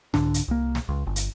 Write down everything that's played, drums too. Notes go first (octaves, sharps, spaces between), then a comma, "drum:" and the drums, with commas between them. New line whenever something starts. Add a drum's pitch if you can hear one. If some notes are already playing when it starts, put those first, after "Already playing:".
C2 G#2 D3 D4, drum: snare
drum: hi-hat
C2 A#3
drum: snare
C#2
G1
drum: hi-hat